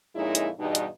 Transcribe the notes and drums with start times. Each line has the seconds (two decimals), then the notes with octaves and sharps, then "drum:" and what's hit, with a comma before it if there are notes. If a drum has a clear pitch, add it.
0.15 F2 A#2 G#3 C#4 D#4 E4
0.35 drum: hi-hat
0.59 E2 G2 B2 G3 D#4
0.75 drum: hi-hat